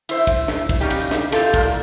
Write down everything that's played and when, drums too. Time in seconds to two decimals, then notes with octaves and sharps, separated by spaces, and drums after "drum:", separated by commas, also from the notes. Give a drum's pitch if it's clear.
0.09 E4 C5 E5, drum: cymbal
0.27 drum: kick, cymbal
0.48 drum: snare
0.69 drum: kick, cymbal
0.81 C#3 G3 D#4 G4
0.90 drum: cymbal
1.11 drum: snare
1.32 C4 E4 F4 G4 A4, drum: cymbal
1.54 A#2 A#3, drum: kick, cymbal